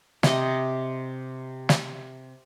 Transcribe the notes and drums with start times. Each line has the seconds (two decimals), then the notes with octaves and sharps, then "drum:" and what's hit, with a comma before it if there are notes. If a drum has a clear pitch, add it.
0.23 C3 D#5, drum: snare
1.69 drum: snare